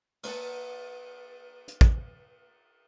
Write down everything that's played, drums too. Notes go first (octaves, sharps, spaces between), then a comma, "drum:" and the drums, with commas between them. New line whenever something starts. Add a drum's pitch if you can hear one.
A#3 B4 F#5 A5, drum: cymbal
drum: hi-hat
drum: kick